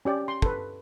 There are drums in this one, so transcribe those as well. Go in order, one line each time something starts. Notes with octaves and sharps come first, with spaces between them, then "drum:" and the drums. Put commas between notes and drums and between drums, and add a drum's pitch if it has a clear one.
C#4 G4 D5
C6
A4 B4, drum: kick